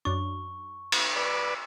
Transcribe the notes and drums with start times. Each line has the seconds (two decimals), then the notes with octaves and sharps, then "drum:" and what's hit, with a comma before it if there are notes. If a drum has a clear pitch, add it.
0.05 F#2 D4 C#6
0.92 drum: cymbal
1.16 B4 D5